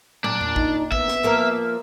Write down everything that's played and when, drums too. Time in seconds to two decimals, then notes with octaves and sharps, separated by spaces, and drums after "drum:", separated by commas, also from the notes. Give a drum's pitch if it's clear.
0.24 A#2 D4, drum: tom
0.41 drum: tom E2
0.56 D#4, drum: kick
0.92 B3 E5, drum: kick
1.08 drum: snare
1.23 F3 A#3 A#4